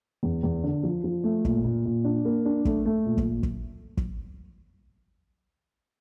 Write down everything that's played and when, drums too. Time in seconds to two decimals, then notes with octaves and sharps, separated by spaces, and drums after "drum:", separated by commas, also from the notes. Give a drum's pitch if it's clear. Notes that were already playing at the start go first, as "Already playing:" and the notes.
0.23 E2
0.43 E2
0.64 D3
0.83 F3
1.04 F3
1.24 A3
1.45 A#2, drum: kick
1.64 A#2
1.85 A#2
2.04 D4
2.25 A#3
2.45 D4
2.65 A3, drum: kick
2.85 A3
3.05 A#2
3.17 drum: kick
3.43 drum: kick
3.97 drum: kick